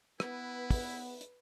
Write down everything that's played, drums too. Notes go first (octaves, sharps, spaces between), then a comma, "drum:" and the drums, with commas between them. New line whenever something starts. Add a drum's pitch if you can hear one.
B3 E4 B4, drum: rim click
drum: kick, open hi-hat
drum: hi-hat